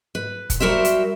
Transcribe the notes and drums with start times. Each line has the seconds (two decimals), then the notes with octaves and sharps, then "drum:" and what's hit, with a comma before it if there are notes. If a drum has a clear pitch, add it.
0.15 B4
0.50 drum: kick F1, hi-hat
0.60 G3 F#4 A#4 C5 E5
0.85 drum: hi-hat